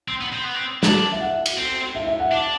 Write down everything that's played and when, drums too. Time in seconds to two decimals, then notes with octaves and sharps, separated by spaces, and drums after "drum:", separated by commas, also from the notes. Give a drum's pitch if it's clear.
0.08 C4
0.21 B3
0.32 C4
0.44 B3
0.55 C4
0.83 D4, drum: snare
1.12 E5
1.21 F#5
1.46 drum: cymbal
1.58 C4
1.95 E5
2.07 E5
2.20 F#5
2.32 D4